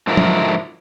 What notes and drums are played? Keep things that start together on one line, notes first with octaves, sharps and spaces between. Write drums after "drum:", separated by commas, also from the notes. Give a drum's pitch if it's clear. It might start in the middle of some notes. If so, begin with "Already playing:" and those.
G#2 D3 F3 F#3 E4 A#4
drum: tom F#3